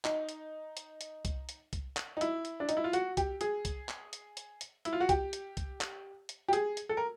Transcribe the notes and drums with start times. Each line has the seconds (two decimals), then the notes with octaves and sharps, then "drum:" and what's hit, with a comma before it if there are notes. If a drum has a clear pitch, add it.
0.05 D#4, drum: clap
0.29 drum: hi-hat
0.77 drum: hi-hat
1.01 drum: hi-hat
1.25 drum: kick C2, hi-hat
1.49 drum: hi-hat
1.73 drum: kick C2, hi-hat
1.97 drum: clap
2.17 D#4
2.21 E4, drum: hi-hat
2.45 drum: hi-hat
2.60 D4
2.69 D#4, drum: hi-hat
2.77 E4
2.84 F4
2.93 F#4, drum: hi-hat
3.17 G4, drum: kick C2, hi-hat
3.41 G#4, drum: hi-hat
3.65 drum: kick C2, hi-hat
3.89 drum: clap
4.13 drum: hi-hat
4.37 drum: hi-hat
4.61 drum: hi-hat
4.85 E4, drum: hi-hat
4.93 F4
5.00 F#4
5.09 G4, drum: kick C2, hi-hat
5.33 drum: hi-hat
5.57 drum: kick C2, hi-hat
5.81 drum: clap
6.29 drum: hi-hat
6.48 G4
6.53 G#4, drum: hi-hat
6.77 drum: hi-hat
6.89 A4
6.97 A#4